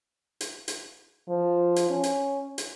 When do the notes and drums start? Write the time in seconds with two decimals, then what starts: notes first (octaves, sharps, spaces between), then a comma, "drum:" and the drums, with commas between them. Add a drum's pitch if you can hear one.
0.41 drum: hi-hat
0.68 drum: hi-hat
1.29 F3
1.76 drum: hi-hat
1.90 C#4
2.03 drum: hi-hat
2.58 drum: hi-hat